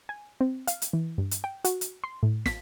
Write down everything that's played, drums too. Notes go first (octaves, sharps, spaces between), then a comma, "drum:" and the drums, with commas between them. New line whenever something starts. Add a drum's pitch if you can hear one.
G#5
C4
F5, drum: hi-hat
drum: hi-hat
E3
G2
drum: hi-hat
G5
F#4, drum: hi-hat
drum: hi-hat
C6
A2
B6, drum: snare